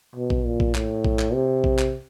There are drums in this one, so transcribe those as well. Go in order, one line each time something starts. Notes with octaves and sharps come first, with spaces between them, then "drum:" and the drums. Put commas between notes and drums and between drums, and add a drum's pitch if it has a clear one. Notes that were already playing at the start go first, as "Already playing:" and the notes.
B2
drum: kick A#1
A#2
drum: kick A#1
A2, drum: clap
drum: kick A#1
drum: clap
C3
drum: kick A#1
drum: clap